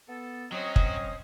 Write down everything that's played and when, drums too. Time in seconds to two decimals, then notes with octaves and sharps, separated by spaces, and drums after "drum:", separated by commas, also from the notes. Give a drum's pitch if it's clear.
0.09 B3 A4
0.52 F#3 C4 C#4 F#4 C5 C#5 D#5 D#6
0.76 drum: kick